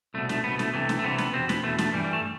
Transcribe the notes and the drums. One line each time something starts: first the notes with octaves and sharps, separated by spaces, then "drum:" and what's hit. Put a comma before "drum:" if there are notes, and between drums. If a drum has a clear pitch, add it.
C2 B2 A3
A3, drum: snare
C2 B2 B3
A3, drum: snare
C2 C3 E3 A3
drum: snare
A3
C2 C3 E3 B3
B3, drum: snare
E2 B2 C4
B3, drum: snare
E2 B2 A3
A3, drum: snare
G2 E3 G3
G3
A3